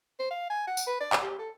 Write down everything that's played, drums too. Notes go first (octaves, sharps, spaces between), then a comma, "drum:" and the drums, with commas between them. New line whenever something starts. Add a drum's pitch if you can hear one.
C5
F5
G#5
F#5
drum: tambourine
B4
D5
drum: clap
G4
A4